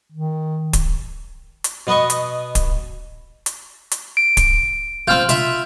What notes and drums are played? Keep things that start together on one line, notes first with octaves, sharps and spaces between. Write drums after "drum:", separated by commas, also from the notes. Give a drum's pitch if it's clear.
D#3
drum: kick D1, hi-hat
drum: hi-hat
B2 B3 B4 D#5 C#6
drum: hi-hat
drum: kick D1, hi-hat
drum: hi-hat
drum: hi-hat
D7
drum: kick D1, hi-hat
C4 F4 C6 F6 G6
F4 E5 B5, drum: hi-hat